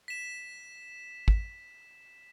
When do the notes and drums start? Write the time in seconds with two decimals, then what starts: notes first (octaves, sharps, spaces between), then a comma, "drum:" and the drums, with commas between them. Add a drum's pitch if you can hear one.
0.08 B6 E7
1.28 drum: kick